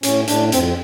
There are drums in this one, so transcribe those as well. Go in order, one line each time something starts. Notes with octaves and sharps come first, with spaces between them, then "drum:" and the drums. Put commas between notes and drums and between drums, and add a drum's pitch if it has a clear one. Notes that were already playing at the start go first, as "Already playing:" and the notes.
A2 C#4, drum: hi-hat
A2 D4, drum: hi-hat
F2 C4, drum: hi-hat
C4